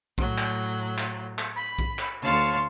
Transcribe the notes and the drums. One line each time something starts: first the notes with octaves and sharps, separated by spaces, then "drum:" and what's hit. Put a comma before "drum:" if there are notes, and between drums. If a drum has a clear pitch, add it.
A2 F#3, drum: kick B1
drum: clap
drum: clap
drum: clap
B5
drum: kick B1
drum: clap
D2 C#5 F5 A5 C6 A6